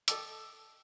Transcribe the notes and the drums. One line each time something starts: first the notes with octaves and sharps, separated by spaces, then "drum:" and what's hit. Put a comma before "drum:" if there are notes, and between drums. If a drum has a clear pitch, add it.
A4 D#5 G5 A5 D6 E6, drum: hi-hat